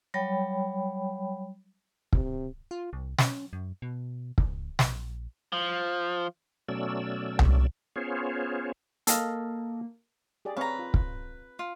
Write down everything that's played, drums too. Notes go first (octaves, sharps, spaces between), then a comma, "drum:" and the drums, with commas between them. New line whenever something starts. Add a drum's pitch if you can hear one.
F#3 G3 C#5 G5 B5
C3, drum: kick
F4
C2
C#4, drum: snare
F#2
B2
C#2, drum: kick
A#1, drum: snare
F3
B2 F#3 A3 C#4 D5 E6
drum: tom C2
B3 C#4 F4 G#4 C5 C#5
A#3 A4 D#5 F5, drum: hi-hat
G4 G#4 D5
C4 B4 C#5 F5 A#5
F4
drum: kick
F4